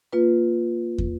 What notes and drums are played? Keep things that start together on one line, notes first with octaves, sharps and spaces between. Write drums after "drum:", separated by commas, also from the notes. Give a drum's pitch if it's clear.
A#3 F4 B4
drum: kick